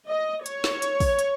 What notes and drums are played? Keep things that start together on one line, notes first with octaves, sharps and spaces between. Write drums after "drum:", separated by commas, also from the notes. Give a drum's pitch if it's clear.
D#5
C#5, drum: hi-hat
drum: snare
drum: hi-hat
drum: kick, open hi-hat
drum: hi-hat